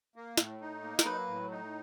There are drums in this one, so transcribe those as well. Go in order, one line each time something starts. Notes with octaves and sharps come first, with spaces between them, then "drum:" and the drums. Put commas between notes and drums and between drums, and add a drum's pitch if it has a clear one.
A#3
A2, drum: snare
D#4
A#3
A#4, drum: snare
F#3 B4
A2
D#4